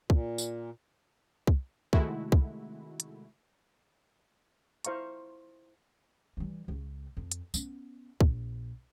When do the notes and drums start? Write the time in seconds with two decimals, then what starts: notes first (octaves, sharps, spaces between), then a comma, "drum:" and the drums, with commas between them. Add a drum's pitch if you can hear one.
0.10 A#2, drum: kick
0.38 drum: tambourine
1.47 drum: kick
1.93 C3 D#3 G#3 A3 E4 F#4, drum: kick
2.32 drum: kick
3.00 drum: hi-hat
4.85 E4 C5 F5 A#5 C#6, drum: hi-hat
6.37 E3 G3
6.68 C#2 C#3
7.17 F2
7.32 drum: hi-hat
7.54 B3 C#4, drum: tambourine
8.20 A#1, drum: kick